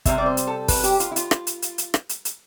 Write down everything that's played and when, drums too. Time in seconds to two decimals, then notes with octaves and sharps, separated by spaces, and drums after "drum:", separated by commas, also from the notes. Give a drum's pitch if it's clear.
0.05 C3 G3 C4 E5, drum: kick, hi-hat
0.18 D5
0.26 C5
0.37 drum: hi-hat
0.47 A4
0.68 B4, drum: kick, open hi-hat
0.84 G4, drum: hi-hat
1.00 F4, drum: hi-hat
1.11 E4
1.16 F4, drum: hi-hat
1.31 drum: rim click
1.47 drum: hi-hat
1.62 drum: hi-hat
1.78 drum: hi-hat
1.94 drum: rim click
2.09 drum: hi-hat
2.25 drum: hi-hat